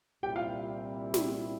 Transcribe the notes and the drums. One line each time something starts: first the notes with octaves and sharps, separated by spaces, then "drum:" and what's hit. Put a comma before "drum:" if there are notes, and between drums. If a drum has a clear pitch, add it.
C2 A#2 G3 C4 E4 G4 G5
F4 F5
drum: snare